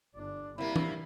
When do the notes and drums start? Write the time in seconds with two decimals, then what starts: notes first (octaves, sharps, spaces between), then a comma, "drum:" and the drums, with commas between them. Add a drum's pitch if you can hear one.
0.15 G1 D4
0.58 C3 G3 A#3 E4 B5
0.76 drum: tom